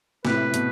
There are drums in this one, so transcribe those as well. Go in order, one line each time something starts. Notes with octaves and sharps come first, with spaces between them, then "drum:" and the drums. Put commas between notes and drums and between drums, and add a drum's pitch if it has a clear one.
A2 C3 B4, drum: snare
B2, drum: hi-hat